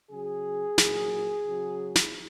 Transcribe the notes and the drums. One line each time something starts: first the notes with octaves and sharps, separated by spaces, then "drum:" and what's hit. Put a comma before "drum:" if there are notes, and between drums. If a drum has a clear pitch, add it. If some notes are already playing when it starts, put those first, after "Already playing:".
C#3 F#3 G#4
A#2 F#3, drum: snare
C#3 F#3
drum: snare